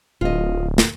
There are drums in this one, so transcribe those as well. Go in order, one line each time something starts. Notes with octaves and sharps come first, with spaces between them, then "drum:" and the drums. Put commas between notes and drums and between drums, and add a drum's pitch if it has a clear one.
D1 F4 D#5
drum: snare